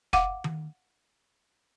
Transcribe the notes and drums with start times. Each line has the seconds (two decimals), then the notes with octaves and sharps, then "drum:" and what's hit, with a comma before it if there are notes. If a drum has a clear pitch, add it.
0.13 F5 F#5 D6, drum: kick
0.44 drum: tom D#3